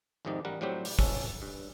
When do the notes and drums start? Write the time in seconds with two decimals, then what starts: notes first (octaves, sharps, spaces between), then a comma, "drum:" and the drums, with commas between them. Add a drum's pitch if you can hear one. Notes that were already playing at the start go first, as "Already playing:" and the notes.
0.25 G#1 F2 C3 D#3 D#4 D5
0.45 A1 G3 A#4 F#5
0.61 A2 F#3 G3 C4 G4
0.85 drum: open hi-hat
0.99 C#4 A4, drum: kick
1.42 G2